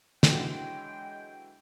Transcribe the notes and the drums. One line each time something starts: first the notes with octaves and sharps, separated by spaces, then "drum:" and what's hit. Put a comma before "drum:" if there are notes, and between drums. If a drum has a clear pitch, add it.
D3 E3 F#3 G#3 G5, drum: snare